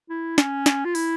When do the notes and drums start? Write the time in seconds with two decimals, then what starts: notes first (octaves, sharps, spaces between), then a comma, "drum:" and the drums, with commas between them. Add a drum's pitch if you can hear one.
0.10 E4
0.38 C#4, drum: snare
0.66 drum: snare
0.85 F4
0.95 E4, drum: open hi-hat